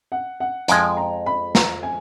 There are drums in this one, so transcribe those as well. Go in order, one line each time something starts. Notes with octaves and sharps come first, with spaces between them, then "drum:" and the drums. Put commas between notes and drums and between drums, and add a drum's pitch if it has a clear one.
F#5
F#5
F2 F3 G#3 G#5, drum: hi-hat
A#5
B5
A#5, drum: snare
G#5